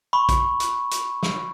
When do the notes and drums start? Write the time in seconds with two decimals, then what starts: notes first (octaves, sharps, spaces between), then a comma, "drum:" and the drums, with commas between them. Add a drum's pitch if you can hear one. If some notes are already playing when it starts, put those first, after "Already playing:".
0.13 B5 C#6
0.29 drum: kick A#1, hi-hat
0.60 drum: hi-hat
0.91 drum: hi-hat
1.23 drum: snare